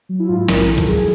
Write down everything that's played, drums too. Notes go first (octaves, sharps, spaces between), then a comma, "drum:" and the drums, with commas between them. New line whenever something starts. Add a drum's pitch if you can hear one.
F#3
E4
G#2 F4
E4
A#1 A#4, drum: snare
D#3 A4
drum: kick B1, cymbal
F#3 G#4